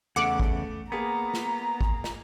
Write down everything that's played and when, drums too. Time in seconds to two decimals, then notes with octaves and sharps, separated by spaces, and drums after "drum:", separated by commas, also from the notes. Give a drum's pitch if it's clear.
0.16 E2 C#3 A3 F#5 D6
0.40 drum: kick G#1
0.92 A#3 B3 G#4 A#5
1.34 drum: snare
1.81 drum: kick G#1
2.04 drum: snare